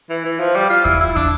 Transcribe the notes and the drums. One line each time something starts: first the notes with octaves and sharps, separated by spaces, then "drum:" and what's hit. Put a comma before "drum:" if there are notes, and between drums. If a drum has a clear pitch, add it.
E3
E3
F3
G3
F4
E4, drum: kick
E4
D4, drum: kick